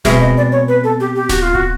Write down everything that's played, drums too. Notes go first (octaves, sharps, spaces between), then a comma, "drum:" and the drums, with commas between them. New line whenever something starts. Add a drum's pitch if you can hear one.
B2 G#3 C4 E5, drum: snare D1
D#5
D5
C#5
B4
A4
G4
G4
F#4, drum: snare D1
F4
F#4, drum: kick